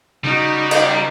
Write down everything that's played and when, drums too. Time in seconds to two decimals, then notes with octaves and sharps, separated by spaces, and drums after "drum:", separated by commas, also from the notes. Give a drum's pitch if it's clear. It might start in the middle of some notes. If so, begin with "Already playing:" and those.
0.24 C#3 G3 D#4 F#4
0.71 drum: cymbal